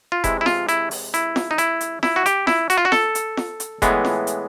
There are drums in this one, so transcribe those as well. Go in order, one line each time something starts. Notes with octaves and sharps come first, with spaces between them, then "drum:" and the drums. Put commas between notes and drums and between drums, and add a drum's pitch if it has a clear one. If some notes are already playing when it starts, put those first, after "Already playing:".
F4
C3 E3 G#3 E4, drum: kick F1, hi-hat
E4
F4, drum: snare
E4, drum: hi-hat
drum: open hi-hat
E4, drum: hi-hat
drum: snare
D#4
E4, drum: hi-hat
drum: hi-hat
E4, drum: snare
F#4
G4, drum: hi-hat
E4, drum: snare
F#4, drum: hi-hat
F4
F#4
A4, drum: snare
drum: hi-hat
drum: snare
drum: hi-hat
A2 E3 G#3 B3, drum: kick F1, hi-hat
drum: snare
drum: hi-hat